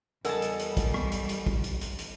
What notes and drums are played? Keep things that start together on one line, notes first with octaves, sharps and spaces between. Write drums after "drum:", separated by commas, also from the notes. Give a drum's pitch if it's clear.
E2 G3 A4 A#4 D#5 F#5 G#5 A5, drum: hi-hat
drum: hi-hat
drum: hi-hat
drum: kick, hi-hat
drum: rim click
drum: hi-hat
drum: hi-hat
drum: kick
drum: hi-hat
drum: hi-hat
drum: hi-hat